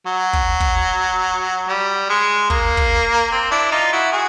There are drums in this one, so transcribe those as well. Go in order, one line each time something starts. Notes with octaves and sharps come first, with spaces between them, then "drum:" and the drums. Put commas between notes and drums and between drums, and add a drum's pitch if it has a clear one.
F#3
drum: kick
drum: kick
G3
G#3
A#3, drum: kick
drum: kick
C4
D4 E4
D#4 F4
E4 F#4
F#4 G#4